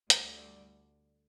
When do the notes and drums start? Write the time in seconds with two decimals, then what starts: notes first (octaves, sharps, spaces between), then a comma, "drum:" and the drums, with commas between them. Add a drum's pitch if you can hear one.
0.10 D2 D3 G3, drum: hi-hat